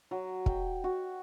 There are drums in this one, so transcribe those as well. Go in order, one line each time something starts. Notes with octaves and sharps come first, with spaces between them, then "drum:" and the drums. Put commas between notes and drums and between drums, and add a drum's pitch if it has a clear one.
F#3
G5, drum: kick
F#4